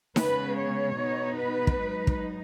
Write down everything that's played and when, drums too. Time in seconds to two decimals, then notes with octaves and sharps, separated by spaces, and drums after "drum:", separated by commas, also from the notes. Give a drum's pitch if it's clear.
0.16 C#3 G#3 B3 B4, drum: snare D#4
0.57 C#5
0.97 B2 B3 D#4
1.37 B4
1.67 drum: kick
1.77 G#2 F#3 D#4
2.07 drum: kick